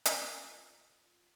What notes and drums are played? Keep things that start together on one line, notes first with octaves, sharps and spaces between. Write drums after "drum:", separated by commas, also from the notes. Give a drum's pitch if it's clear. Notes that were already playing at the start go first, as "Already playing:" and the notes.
F4, drum: hi-hat